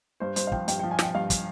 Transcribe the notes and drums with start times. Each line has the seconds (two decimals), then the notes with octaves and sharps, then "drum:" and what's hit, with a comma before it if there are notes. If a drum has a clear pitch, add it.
0.20 G2 C5
0.36 G2 C5, drum: hi-hat
0.47 F5
0.52 F3 G5, drum: kick
0.68 G2 G5, drum: hi-hat
0.79 F3 G5
0.91 G#5
0.99 F3 G5, drum: snare
1.15 G2 F5
1.30 drum: kick, hi-hat